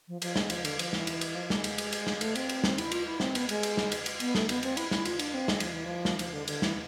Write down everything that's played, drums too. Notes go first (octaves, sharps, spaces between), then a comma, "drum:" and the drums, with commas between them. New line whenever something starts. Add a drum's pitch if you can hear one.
F3
F3, drum: cymbal
G#3, drum: snare
F3, drum: cymbal
D3, drum: cymbal
F3, drum: cymbal
E3, drum: snare
drum: cymbal
drum: cymbal
F3
G#3, drum: snare
drum: cymbal
drum: cymbal
drum: cymbal
drum: snare
A3, drum: cymbal
C4, drum: cymbal
drum: cymbal
drum: snare
E4, drum: cymbal
F4, drum: cymbal
E4
C4, drum: snare
B3, drum: cymbal
G#3, drum: cymbal
drum: cymbal
drum: snare
drum: cymbal
drum: cymbal
B3, drum: cymbal
A3, drum: snare
B3, drum: cymbal
C4, drum: cymbal
E4, drum: cymbal
E4, drum: snare
F4, drum: cymbal
D4, drum: cymbal
C4
G#3, drum: snare
F3, drum: cymbal
E3
F3
drum: snare
F3, drum: cymbal
D3
D3, drum: cymbal
E3, drum: snare